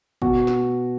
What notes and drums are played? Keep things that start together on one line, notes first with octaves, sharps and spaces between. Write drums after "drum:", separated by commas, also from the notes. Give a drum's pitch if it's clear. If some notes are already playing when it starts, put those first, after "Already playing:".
B2 F#4, drum: kick
drum: snare